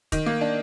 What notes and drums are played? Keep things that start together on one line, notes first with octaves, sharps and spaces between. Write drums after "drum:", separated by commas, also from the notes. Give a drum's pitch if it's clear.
D#3, drum: kick, hi-hat
A#3
D4